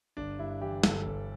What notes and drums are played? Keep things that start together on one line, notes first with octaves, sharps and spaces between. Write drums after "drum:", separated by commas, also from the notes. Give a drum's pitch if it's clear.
G1 D4
G2 E4
E3 G4
G1 A4, drum: snare
G1